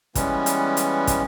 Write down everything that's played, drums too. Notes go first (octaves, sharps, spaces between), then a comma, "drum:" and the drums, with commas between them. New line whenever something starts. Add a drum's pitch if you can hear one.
E3 G3 G#3 B3 C#4, drum: kick, hi-hat
drum: hi-hat
drum: hi-hat
drum: kick, hi-hat